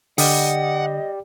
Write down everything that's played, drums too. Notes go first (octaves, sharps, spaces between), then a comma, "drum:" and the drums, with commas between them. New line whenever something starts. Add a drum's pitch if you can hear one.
D3 G4 D5 D#5 F#5 G5 D#6, drum: open hi-hat